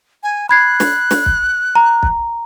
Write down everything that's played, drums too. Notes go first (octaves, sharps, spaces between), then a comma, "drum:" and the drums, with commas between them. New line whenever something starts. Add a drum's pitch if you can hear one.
G#5
B5 F#6 G#6 C7
drum: snare
drum: snare
drum: kick
A#5
drum: kick